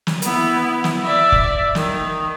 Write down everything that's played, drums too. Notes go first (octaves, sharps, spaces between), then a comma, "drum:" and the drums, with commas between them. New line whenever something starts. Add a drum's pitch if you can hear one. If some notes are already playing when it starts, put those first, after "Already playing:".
drum: snare
B3 E4, drum: hi-hat
drum: snare
D5 E5
drum: kick F1
D#3, drum: snare